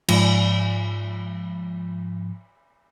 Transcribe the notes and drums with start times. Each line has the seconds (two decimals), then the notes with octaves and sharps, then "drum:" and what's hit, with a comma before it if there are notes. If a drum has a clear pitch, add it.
0.08 G#2 F3, drum: cymbal